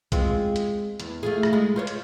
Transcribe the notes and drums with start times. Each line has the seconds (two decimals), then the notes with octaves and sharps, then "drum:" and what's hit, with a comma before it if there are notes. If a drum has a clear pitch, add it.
0.12 G#3 C4 F4, drum: kick B1, hi-hat
0.56 drum: hi-hat
1.00 E2, drum: hi-hat
1.23 A3 F4 G#4
1.43 drum: rim click
1.53 G#3
1.76 F4 C5 C#5
1.87 drum: hi-hat